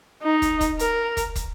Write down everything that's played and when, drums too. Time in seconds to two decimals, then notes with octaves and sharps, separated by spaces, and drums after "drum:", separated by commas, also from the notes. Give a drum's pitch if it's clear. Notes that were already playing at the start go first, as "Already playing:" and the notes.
0.23 D#4
0.42 drum: kick, hi-hat
0.61 drum: kick, hi-hat
0.79 A#4, drum: hi-hat
1.17 drum: kick, hi-hat
1.35 drum: kick, hi-hat